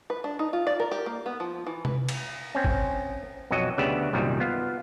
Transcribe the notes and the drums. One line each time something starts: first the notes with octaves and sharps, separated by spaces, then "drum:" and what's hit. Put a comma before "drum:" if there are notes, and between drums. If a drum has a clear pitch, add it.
B4
D4
D#4
F4
D5
A#4
G4
A#3
B3
F3
E3
B4, drum: tom C3
drum: cymbal
C4 C#4
drum: kick
B1 F2 F#3 F#4 D#5
D2 C#3 B3 G4 D5 E5
C2 F#2 A#2 D#3 G3
B3 F4 F5